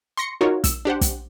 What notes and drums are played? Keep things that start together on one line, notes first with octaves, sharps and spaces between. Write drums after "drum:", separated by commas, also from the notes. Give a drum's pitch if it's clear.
C6 C#6 A#6 C#7
D#4 F4 F#4 A#4 C#5
E6, drum: kick, hi-hat
D4 G4 C5 F#5
drum: kick, hi-hat